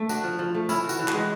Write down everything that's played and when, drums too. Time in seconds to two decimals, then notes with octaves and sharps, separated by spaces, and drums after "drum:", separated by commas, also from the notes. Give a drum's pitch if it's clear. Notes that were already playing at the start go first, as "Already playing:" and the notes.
Already playing: A3
0.09 D4 F#4, drum: tambourine
0.24 F3
0.39 F3
0.54 A3
0.69 C#4 E4, drum: tambourine
0.84 E3
0.89 F#4, drum: tambourine
0.99 E3
1.08 F#4, drum: clap
1.13 G#3